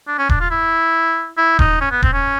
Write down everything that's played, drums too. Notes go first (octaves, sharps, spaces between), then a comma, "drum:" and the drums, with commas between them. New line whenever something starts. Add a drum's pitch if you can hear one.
D4
C#4
D4, drum: kick D#1
F4
E4
E4
D#4, drum: kick D#1
C#4
B3
C4, drum: kick D#1
C#4